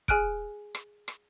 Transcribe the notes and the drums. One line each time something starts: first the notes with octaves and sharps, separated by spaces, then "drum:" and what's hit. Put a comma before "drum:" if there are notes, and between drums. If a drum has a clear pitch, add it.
G#4 G#5 F6 F#6 D7, drum: kick
drum: rim click
drum: rim click